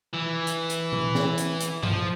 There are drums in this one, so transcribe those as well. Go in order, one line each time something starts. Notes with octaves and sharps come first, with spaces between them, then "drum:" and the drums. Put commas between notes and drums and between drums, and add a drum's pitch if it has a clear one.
E3
drum: hi-hat
drum: hi-hat
drum: tom A#2
drum: snare
drum: hi-hat
drum: hi-hat
F3, drum: tom G2